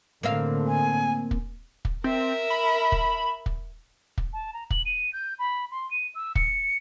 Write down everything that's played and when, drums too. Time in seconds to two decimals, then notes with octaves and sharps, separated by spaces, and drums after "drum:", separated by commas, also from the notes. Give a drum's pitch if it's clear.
0.23 A2 D3 A#3 C4 F5
0.67 G#5
1.31 drum: kick
1.85 drum: kick
2.04 C4 A#4 E5
2.50 B5
2.92 drum: kick
3.46 drum: kick
4.18 drum: kick
4.33 A5
4.53 A#5
4.70 F#7, drum: kick
4.85 D#7
5.13 G6
5.39 B5
5.71 C6
5.91 D#7
6.15 E6
6.35 C#7, drum: kick